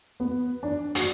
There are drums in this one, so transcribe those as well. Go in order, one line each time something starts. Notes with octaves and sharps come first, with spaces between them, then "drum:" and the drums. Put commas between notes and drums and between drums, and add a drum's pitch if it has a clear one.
B3
D4
F#4, drum: hi-hat